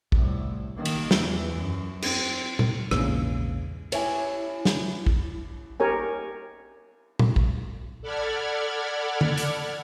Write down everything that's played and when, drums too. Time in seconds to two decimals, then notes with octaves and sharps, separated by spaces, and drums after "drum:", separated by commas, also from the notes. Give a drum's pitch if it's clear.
0.12 C2 A2, drum: kick
0.75 D#3 A#3
0.85 drum: cymbal
1.11 E2 E3, drum: snare
1.54 F#2
2.02 C4, drum: cymbal
2.59 drum: tom A#2
2.91 A#1 E2 G#2 C#3, drum: rim click
3.92 E4 C#5 E5 G#5, drum: cymbal
4.65 drum: snare
5.06 drum: kick
5.80 G4 A#4 C#5 G#5
7.19 drum: tom A#2
7.36 drum: kick
8.02 A4 D5 F#5 B5 F6 G#6
9.21 drum: tom
9.38 drum: hi-hat